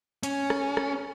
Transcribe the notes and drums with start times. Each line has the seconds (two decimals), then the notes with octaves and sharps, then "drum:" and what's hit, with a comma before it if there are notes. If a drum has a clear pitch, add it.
0.23 C#4, drum: hi-hat
0.50 drum: rim click
0.77 drum: rim click